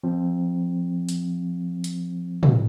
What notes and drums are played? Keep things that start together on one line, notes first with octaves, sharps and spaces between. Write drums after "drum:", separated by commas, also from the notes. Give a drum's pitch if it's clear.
F3 C4
drum: hi-hat
drum: hi-hat
drum: tom